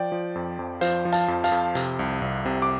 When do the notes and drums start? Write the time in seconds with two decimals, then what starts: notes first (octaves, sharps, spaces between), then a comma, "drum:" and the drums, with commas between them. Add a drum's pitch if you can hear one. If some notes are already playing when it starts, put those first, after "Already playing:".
Already playing: F3 D5 G5
0.12 F3
0.35 F2
0.59 F2
0.81 F3 C5 F5, drum: hi-hat
1.05 F3
1.12 F5 A5, drum: hi-hat
1.28 F2
1.44 F5 A5, drum: hi-hat
1.52 F2
1.75 C3, drum: hi-hat
1.99 C2
2.22 C2
2.46 C3
2.62 D6